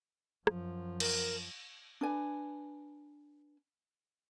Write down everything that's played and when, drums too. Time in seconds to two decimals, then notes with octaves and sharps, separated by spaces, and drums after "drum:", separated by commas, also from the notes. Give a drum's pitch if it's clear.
0.47 F#2 F3, drum: rim click
1.00 A#4, drum: cymbal
2.01 D4 B4 G#5